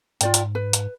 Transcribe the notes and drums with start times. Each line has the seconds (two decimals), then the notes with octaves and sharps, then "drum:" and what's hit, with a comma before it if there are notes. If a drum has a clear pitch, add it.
0.21 G#2 F4 D5 G5, drum: hi-hat
0.34 drum: hi-hat
0.55 B4
0.73 drum: hi-hat